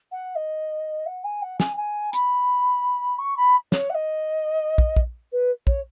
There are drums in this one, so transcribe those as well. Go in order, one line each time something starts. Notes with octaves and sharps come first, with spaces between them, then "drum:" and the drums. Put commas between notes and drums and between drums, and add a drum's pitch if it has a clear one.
F#5
D#5
F#5
G#5
F#5
G#5, drum: snare
G#5
B5, drum: hi-hat
C#6
B5
C#5, drum: snare
F#5
D#5
drum: kick
drum: kick
B4
C#5, drum: kick